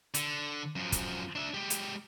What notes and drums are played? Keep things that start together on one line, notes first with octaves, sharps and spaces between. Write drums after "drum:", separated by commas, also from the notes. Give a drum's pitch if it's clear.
D3, drum: hi-hat
F#2 F3
drum: kick, hi-hat
D4 E5
G#3 G4
drum: hi-hat